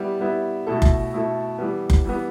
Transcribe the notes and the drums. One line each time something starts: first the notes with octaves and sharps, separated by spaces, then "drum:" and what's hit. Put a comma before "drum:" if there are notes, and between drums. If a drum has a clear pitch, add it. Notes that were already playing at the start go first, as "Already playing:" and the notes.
Already playing: G3 B3 E4
G3 B3 E4
B2 A3 E4 A4
drum: kick F#1
B2 A3 E4 A4
E3 G3 B3
drum: kick F#1
E3 G3 B3